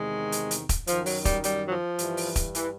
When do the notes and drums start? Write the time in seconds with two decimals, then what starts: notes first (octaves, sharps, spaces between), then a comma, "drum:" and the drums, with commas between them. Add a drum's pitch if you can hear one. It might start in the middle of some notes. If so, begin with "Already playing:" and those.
Already playing: E2 C3 D#3 G#3
0.32 drum: hi-hat
0.51 drum: hi-hat
0.69 drum: kick, hi-hat
0.87 F#2 D#3 F3, drum: hi-hat
1.06 F#3, drum: open hi-hat
1.25 G3, drum: kick, hi-hat
1.44 G3, drum: hi-hat
1.67 F#3
1.71 F3
1.99 G2 E3, drum: hi-hat
2.17 drum: open hi-hat
2.36 drum: kick, hi-hat
2.55 E3, drum: hi-hat